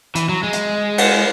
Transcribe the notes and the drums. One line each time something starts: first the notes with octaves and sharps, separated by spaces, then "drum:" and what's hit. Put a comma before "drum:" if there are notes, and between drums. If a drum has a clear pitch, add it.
E3, drum: hi-hat
F#3
G#3
drum: hi-hat
drum: cymbal